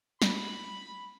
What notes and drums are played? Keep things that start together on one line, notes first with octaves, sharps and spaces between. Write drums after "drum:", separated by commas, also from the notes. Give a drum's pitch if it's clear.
B5, drum: snare